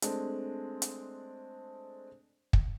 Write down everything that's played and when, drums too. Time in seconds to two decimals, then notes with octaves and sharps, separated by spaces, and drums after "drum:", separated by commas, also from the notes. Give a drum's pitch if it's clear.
0.02 G#3 A3 C4 D4, drum: hi-hat
0.82 drum: hi-hat
2.53 drum: kick